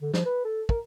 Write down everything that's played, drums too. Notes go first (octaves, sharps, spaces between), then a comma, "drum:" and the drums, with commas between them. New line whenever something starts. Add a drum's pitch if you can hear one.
D3
F3, drum: snare
B4
A4
A#4, drum: kick